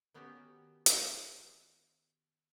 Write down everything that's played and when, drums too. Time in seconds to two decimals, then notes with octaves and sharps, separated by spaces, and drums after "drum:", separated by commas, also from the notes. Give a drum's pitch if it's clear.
0.14 D#3 B3 C#4 F#4 G4
0.86 drum: hi-hat